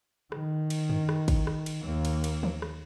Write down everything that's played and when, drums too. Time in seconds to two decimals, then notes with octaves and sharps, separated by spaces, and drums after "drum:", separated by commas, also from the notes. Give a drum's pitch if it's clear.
0.32 D#3, drum: rim click
0.70 drum: cymbal
0.90 drum: tom
1.09 drum: rim click
1.28 drum: kick, cymbal
1.47 drum: rim click
1.66 drum: cymbal
1.82 D#2 A#3
2.05 drum: cymbal
2.24 drum: cymbal
2.43 drum: tom
2.62 drum: rim click